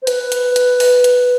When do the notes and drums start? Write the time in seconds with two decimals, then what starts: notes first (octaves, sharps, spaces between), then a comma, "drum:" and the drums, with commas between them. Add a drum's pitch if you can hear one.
0.02 C5
0.07 B4, drum: hi-hat
0.32 drum: hi-hat
0.56 drum: hi-hat
0.80 drum: open hi-hat
1.04 drum: hi-hat